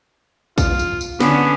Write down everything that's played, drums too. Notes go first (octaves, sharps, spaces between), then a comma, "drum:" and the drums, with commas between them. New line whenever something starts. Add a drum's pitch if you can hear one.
F4, drum: kick, tambourine
drum: tambourine
drum: tambourine
D3 B3 C#4, drum: snare